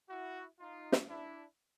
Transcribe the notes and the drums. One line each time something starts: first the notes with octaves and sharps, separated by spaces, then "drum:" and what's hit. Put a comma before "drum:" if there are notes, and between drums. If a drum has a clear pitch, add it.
E4 F#4
D#4 F4
drum: snare
D4 E4